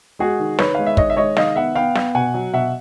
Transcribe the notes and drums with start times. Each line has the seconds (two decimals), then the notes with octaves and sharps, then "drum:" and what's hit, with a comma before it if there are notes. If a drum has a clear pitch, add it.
0.19 G#3 F#4 G#4
0.39 D#3
0.59 D#3 B4 C#5, drum: snare
0.75 G#3 F5
0.86 E5
0.97 D#3 C#5 D#5, drum: kick
1.10 E5
1.17 G#3 C#5 D#5
1.37 D#3 D#5 F5, drum: snare
1.56 B3 E5 F#5
1.75 B3 F5 G5
1.95 B3, drum: snare
2.15 B2 F#5 G#5
2.34 F#3
2.53 B2 E5 F#5